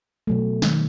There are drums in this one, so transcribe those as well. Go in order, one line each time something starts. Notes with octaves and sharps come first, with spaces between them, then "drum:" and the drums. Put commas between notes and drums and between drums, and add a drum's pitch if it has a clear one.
B2 F#3 A3
D#3 A3, drum: snare